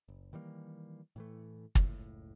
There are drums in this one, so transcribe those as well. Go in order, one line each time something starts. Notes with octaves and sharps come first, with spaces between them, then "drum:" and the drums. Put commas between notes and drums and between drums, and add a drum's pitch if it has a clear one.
F#1
D#3 E3 G3 A#3
A2 E3 A3
F#1 C#2 A2, drum: kick